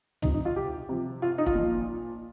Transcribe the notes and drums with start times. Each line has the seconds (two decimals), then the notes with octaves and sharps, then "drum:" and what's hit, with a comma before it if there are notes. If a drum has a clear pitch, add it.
0.22 C3 F3 D#4, drum: tom
0.34 D#4
0.45 F4
0.56 G4
0.89 C3 F3
1.22 F4
1.38 D#4
1.46 F4, drum: kick
1.55 A#2 F3